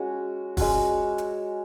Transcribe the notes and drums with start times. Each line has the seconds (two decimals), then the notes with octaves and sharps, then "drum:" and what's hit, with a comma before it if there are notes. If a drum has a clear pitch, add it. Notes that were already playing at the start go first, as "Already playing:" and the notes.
Already playing: G#3 C#4 F#4
0.57 G#3 C#4 F#4, drum: kick, open hi-hat
1.18 drum: hi-hat